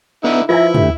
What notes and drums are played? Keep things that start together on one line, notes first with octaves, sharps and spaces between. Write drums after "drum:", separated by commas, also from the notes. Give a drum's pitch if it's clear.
D3 B3 D#4 E4
F3 E4 F4 B4 E5 G#5 A#5
D3 A3 G4, drum: tom